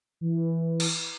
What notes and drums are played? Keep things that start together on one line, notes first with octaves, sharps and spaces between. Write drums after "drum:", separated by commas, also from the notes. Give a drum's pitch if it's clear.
E3
drum: cymbal